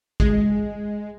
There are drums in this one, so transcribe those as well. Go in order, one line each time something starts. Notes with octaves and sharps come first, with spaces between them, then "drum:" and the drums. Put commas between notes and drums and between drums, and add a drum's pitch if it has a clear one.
G#3, drum: kick